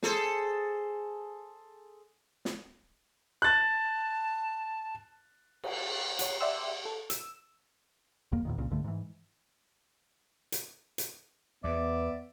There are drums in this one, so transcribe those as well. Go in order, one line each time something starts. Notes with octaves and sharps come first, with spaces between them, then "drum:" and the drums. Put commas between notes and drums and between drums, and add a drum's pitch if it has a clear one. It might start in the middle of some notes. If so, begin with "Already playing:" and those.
G#4 A4 C5, drum: snare
drum: snare
A5 F#6 A6
drum: cymbal
C#5 F#5, drum: hi-hat
D5 E5 F#5 G5 C6 E6
A4
E6, drum: hi-hat
G#1 E2 A#3
E2 A#2 D#3
C2 A#2 C#3
C2 G2 D3 A3
G#2 E3
drum: hi-hat
drum: hi-hat
E2 B3 D5 E5